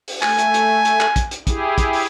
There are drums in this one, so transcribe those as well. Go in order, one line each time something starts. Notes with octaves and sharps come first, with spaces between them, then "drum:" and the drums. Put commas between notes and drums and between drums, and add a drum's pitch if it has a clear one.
drum: open hi-hat
A3 G#5, drum: clap
drum: hi-hat
drum: hi-hat
drum: hi-hat
drum: clap
drum: kick, hi-hat
drum: hi-hat
E4 G4 G#4, drum: kick, hi-hat
drum: kick, hi-hat
drum: open hi-hat